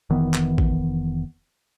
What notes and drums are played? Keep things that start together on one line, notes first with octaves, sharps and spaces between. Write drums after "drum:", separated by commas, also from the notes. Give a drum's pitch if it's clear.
F1 D#3 E3 B3
drum: clap
drum: kick A1